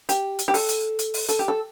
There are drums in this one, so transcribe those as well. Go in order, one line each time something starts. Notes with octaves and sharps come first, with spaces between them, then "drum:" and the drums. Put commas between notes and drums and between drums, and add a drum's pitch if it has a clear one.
G4, drum: hi-hat
drum: hi-hat
G4
A4, drum: open hi-hat
drum: hi-hat
drum: hi-hat
drum: open hi-hat
A4, drum: hi-hat
G4
A4